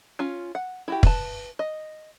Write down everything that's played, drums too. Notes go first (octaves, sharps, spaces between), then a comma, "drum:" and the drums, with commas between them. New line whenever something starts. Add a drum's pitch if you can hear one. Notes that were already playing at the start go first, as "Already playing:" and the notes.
C#4 F4
F#5
E4 F#4 G4
B4 A5, drum: kick
D#5